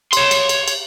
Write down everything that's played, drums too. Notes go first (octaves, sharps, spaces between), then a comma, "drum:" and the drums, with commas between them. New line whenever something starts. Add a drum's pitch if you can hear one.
C#5 C6, drum: cymbal
drum: cymbal
drum: cymbal
drum: cymbal